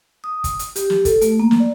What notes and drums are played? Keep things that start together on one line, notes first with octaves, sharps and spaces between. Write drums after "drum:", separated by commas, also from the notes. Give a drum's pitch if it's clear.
D#6
drum: kick, hi-hat
drum: hi-hat
G4, drum: hi-hat
drum: snare
A4, drum: kick, hi-hat
A3, drum: hi-hat
A#3
drum: snare
D5